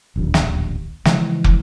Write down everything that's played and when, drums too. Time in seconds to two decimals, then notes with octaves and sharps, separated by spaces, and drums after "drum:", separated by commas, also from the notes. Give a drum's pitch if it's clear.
0.16 D1 A#1 D#2
0.34 drum: snare
1.05 C#3 E3 F3 G#3, drum: snare
1.44 drum: kick